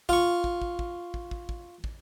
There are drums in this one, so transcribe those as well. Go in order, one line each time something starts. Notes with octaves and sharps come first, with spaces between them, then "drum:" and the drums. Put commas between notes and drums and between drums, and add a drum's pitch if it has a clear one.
F4 C#6, drum: kick
drum: kick
drum: kick
drum: kick
drum: kick
drum: kick
drum: kick
drum: kick